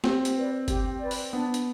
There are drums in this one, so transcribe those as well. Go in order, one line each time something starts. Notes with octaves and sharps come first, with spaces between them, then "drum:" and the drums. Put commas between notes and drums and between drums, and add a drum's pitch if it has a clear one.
C4 G4, drum: snare
drum: hi-hat
B4 D5
G4, drum: kick G1, hi-hat
B4 D5
drum: open hi-hat
B3 D4
drum: hi-hat